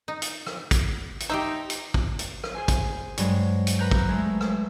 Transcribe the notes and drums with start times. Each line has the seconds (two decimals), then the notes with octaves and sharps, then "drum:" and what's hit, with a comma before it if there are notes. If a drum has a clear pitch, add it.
0.08 D#4
0.22 drum: hi-hat
0.46 drum: rim click
0.71 drum: kick, hi-hat
1.20 drum: hi-hat
1.30 D#4 G4 C5 E5
1.70 drum: hi-hat
1.94 drum: kick
2.19 drum: hi-hat
2.44 drum: rim click
2.55 G#4 C5 G#5
2.68 drum: kick, hi-hat
3.18 G2 F#3 G#3, drum: hi-hat
3.67 drum: hi-hat
3.79 B4 A#5 F#6 G6
3.91 drum: kick
4.08 G#3 A3
4.41 drum: rim click